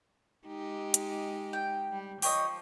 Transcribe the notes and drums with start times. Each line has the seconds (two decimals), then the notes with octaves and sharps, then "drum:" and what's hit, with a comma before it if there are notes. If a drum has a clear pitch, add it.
0.47 G#3 D#4 G4
0.94 drum: hi-hat
1.53 G5
1.92 G3
2.22 F3 G4 C#5 D#5, drum: open hi-hat